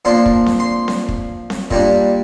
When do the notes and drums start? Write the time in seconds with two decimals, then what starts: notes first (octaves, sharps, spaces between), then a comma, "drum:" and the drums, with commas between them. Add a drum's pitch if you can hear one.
0.05 A#2 F3 D4 C6
0.26 drum: kick
0.46 drum: snare C4
0.60 C6
0.88 drum: snare C4
1.08 drum: kick
1.50 drum: snare C4
1.71 A#2 G3 D4, drum: kick